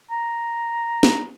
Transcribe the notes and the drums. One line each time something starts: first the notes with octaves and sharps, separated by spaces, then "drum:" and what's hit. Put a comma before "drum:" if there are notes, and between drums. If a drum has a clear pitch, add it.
A#5
drum: snare